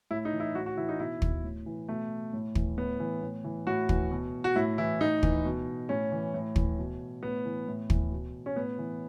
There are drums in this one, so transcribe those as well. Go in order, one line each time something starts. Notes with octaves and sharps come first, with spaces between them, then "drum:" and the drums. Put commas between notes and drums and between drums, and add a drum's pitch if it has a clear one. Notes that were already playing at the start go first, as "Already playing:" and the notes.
A2 E4
D#4
E3
E4
A2 F#4
F#4
E3 E4
D#4
B2 E4
drum: kick
A2
E3
B2 A3
A2
E3, drum: kick
A2 B3
E3
A2
E3
A2 F#4
E3, drum: kick
B2
F#4
A2 E4
E3 E4
A2 D#4
E3, drum: kick
B2
A2 C#4
E3
A2
E3, drum: kick
B2
A2 B3
E3
A2
E3, drum: kick
B2
C#4
A2 B3
E3